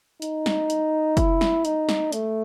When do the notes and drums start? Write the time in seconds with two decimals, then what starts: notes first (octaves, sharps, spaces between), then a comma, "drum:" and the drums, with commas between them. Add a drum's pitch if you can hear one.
0.22 D#4, drum: hi-hat
0.46 drum: snare
0.70 drum: hi-hat
1.17 E4, drum: kick, hi-hat
1.41 drum: snare
1.65 D#4, drum: hi-hat
1.89 drum: snare
2.12 A3, drum: hi-hat